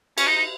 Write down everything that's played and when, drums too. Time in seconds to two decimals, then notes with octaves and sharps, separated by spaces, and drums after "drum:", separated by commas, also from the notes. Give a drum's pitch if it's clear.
0.18 C#4, drum: cymbal
0.27 D#4
0.37 D#4